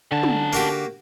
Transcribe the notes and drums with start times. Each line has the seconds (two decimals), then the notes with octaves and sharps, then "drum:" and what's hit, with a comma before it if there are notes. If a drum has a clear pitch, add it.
0.12 D3 C#4 A5
0.23 drum: tom
0.53 A#3 F#4 G4